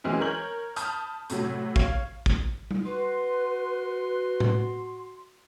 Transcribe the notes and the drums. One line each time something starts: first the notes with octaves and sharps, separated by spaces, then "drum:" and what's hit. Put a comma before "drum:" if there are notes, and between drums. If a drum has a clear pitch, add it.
E3 F#3 G#3 C4 C#4
A#4 C#5 G6 F#7
A5 B5 D#6 F6 G6, drum: hi-hat
A2 C3 F#3, drum: hi-hat
C#5 F5, drum: kick
drum: kick
drum: tom G3
F#4 B4 C6
drum: tom A2